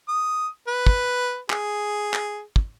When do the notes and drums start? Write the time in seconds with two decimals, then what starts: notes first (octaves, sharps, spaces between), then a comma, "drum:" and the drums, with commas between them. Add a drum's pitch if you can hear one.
0.09 D#6
0.68 B4
0.87 drum: kick
1.50 G#4, drum: clap
2.14 drum: clap
2.56 drum: kick